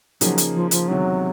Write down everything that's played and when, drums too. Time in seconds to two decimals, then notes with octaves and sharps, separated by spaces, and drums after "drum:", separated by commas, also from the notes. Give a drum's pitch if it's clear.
0.21 C#3 F3 F#3 A#3 D#4 G#4, drum: hi-hat
0.38 drum: hi-hat
0.54 F3
0.71 F3, drum: hi-hat
0.87 E2 C3 D#3 F#3 G#3 C#4